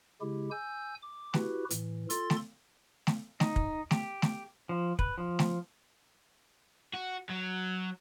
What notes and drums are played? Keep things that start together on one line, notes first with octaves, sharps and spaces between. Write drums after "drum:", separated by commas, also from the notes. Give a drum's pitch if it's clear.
C#3 G#3 E4 G4
G#5 E6 G6
D6
E4 F#4 G4 B4, drum: snare A3
A2 E3, drum: hi-hat
F4 A4 C6 A6, drum: hi-hat
drum: snare A3
drum: snare A3
D#4, drum: snare A3
drum: kick
G4, drum: snare A3
drum: snare A3
F3
B4, drum: kick
F3
drum: snare A3
F#4
F#3